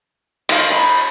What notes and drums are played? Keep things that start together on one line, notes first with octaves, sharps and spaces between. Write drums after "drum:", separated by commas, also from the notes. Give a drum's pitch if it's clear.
D#3 F5, drum: cymbal
D#4 B5